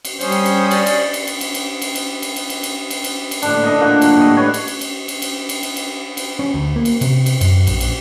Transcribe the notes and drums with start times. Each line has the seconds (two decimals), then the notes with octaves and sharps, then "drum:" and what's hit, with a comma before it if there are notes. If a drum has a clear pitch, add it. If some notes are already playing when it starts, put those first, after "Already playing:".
0.05 drum: cymbal
0.21 G3 C#4 C5 D#6, drum: cymbal
0.32 drum: cymbal
0.45 drum: cymbal
0.71 D5, drum: cymbal
0.86 drum: cymbal
1.13 drum: cymbal
1.27 drum: cymbal
1.41 drum: cymbal
1.54 drum: cymbal
1.82 drum: cymbal
1.95 drum: cymbal
2.22 drum: cymbal
2.36 drum: cymbal
2.50 drum: cymbal
2.63 drum: cymbal
2.90 drum: cymbal
3.04 drum: cymbal
3.31 drum: cymbal
3.42 A2 D3 D4, drum: cymbal
3.64 A2 D4 D#5 A#5
3.80 A#2 D3 A#3 F#5
4.02 F#3, drum: cymbal
4.15 A2 G4 D#5
4.36 D4 B4 C#5 C6
4.54 drum: cymbal
4.67 drum: cymbal
4.81 drum: cymbal
5.08 drum: cymbal
5.22 drum: cymbal
5.49 drum: cymbal
5.63 drum: cymbal
5.76 drum: cymbal
6.17 drum: cymbal
6.39 C#4
6.54 D2
6.76 A#3
6.85 drum: cymbal
7.01 C3, drum: cymbal
7.26 drum: cymbal
7.41 F#2, drum: cymbal
7.67 A#1, drum: cymbal
7.80 drum: cymbal